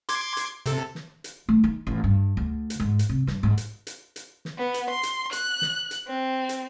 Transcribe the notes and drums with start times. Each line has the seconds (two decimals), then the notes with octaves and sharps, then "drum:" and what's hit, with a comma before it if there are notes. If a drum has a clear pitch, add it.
0.09 C6 D6 G#6, drum: hi-hat
0.37 drum: hi-hat
0.66 C3 A4, drum: hi-hat
0.95 drum: snare
1.24 drum: hi-hat
1.49 A3
1.64 D#4
1.87 A1
2.04 G2
2.37 D2
2.70 drum: hi-hat
2.80 G#2
2.99 drum: hi-hat
3.09 C3
3.27 G2, drum: snare
3.43 G#2
3.57 drum: hi-hat
3.87 drum: hi-hat
4.16 drum: hi-hat
4.45 drum: snare
4.58 B3
4.74 drum: hi-hat
4.90 C6
5.03 drum: hi-hat
5.32 F#6, drum: hi-hat
5.62 drum: snare
5.91 drum: hi-hat
6.08 C4
6.49 drum: hi-hat